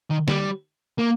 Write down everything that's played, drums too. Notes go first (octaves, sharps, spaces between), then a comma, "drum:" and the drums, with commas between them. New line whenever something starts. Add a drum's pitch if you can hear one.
D#3
G3, drum: snare
A#3